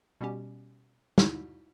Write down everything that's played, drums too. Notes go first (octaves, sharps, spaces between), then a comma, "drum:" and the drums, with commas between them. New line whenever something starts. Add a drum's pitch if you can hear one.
B2 G3 B3 C#4 G4
D#4 E4 F#4, drum: snare